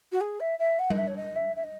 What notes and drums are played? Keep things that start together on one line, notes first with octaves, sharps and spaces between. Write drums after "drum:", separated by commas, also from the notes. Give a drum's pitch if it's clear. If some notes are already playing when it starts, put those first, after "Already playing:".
F#4
G#4
E5
E5
F#5
D#5, drum: tom G3
E5
C#5
D#5
E5
E5
D#5